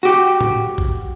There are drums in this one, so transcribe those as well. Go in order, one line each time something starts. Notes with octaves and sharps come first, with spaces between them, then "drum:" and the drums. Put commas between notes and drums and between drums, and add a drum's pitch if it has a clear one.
F#4 G4
drum: tom
drum: kick A1